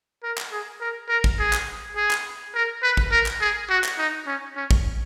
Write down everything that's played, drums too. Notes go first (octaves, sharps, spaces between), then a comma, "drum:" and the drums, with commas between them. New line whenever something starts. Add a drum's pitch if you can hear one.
A#4
drum: clap
G#4
A#4
A#4
drum: kick
G#4
drum: clap
G#4
drum: clap
A#4
B4
drum: kick
A#4
drum: clap
G#4
F#4
drum: clap
D#4
C#4
C#4
drum: kick